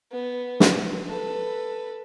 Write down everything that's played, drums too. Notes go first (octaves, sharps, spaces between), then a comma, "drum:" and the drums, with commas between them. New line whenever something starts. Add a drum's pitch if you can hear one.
B3
drum: snare
A4 B4